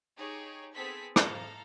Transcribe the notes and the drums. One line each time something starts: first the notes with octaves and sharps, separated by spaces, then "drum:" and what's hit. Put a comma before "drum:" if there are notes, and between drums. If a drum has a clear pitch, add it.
D#4 G4 G#4 C#5
B3 C4 G#4 A4 C5 B6
A4 F5 A#5, drum: rim click